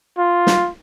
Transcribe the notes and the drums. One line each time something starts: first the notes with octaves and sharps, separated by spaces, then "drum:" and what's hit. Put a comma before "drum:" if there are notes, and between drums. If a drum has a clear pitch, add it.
F4
drum: snare